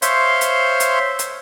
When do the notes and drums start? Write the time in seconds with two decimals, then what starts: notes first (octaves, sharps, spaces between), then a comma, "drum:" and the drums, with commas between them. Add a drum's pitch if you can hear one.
0.02 C5 C#5 E5 F5 C6, drum: hi-hat
0.41 drum: hi-hat
0.80 drum: hi-hat
1.19 drum: hi-hat